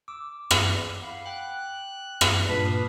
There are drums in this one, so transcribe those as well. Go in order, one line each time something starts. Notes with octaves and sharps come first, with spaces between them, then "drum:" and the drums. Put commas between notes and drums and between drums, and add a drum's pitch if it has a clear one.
D6 E6
drum: rim click
F5 F#5 B5
G5 F#6
drum: rim click
G2 A#2 B4 A5 B5 B6 C7
D6 D#6 F6